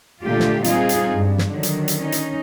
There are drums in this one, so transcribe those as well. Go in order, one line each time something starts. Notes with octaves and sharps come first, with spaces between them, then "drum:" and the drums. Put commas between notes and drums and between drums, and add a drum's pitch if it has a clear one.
A#2 D3 A3 A#3 F4 G4
drum: snare
G3 C4 D#4 F4 G#4, drum: hi-hat
drum: hi-hat
G2
drum: snare
D3 D#3 F#3
drum: hi-hat
drum: hi-hat
C#4 D#4
drum: hi-hat